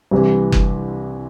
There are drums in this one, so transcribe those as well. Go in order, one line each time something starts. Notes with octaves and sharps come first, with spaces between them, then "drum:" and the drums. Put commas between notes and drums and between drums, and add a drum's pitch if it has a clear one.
C2 C3 E3
drum: kick F#1